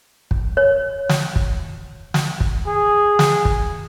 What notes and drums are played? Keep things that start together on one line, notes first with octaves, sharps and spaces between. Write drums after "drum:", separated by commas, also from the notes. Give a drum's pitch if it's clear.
drum: kick
C#5
drum: snare
drum: kick
drum: snare
drum: kick
G#4
drum: snare
drum: kick